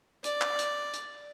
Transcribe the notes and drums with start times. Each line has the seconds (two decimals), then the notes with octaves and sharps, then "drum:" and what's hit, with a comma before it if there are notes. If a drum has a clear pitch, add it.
0.24 D5, drum: hi-hat
0.41 drum: clap
0.59 drum: hi-hat
0.93 drum: hi-hat